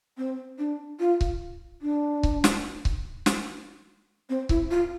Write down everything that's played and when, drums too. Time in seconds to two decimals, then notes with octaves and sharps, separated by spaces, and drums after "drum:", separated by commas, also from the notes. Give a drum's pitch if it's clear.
0.18 C4
0.58 D4
1.00 F4
1.21 drum: kick C#1
1.82 D4
2.23 drum: kick C#1
2.44 drum: snare
2.85 drum: kick C#1
3.26 drum: snare
4.29 C4
4.49 E4, drum: kick C#1
4.71 F4